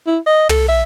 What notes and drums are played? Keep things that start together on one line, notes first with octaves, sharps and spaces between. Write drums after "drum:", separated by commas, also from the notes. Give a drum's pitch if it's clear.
E4
D#5
A4, drum: tom
E5